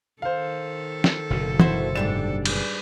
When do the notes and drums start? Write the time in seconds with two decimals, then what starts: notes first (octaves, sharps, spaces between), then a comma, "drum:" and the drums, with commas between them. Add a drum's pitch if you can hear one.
0.22 D#3 A4 C5 F5
1.04 drum: snare
1.30 F#1 B2 D3
1.60 E4 F#4 C5, drum: tom
1.95 G#2 G3 D4 E7
2.46 G#4 B4, drum: cymbal